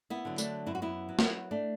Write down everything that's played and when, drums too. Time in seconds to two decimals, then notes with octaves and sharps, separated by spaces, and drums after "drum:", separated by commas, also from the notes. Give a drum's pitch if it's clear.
0.10 B3 E4
0.25 D3 F#3
0.38 A3 D4, drum: tambourine
0.66 F#2 E4
0.75 F#4
0.82 B3 E4
1.09 F#3
1.19 drum: snare
1.51 A3 D4